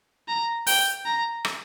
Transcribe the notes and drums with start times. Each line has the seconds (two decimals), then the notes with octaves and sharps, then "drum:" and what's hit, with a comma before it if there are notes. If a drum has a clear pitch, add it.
0.28 A#5
0.67 G5, drum: open hi-hat
1.05 A#5
1.45 drum: rim click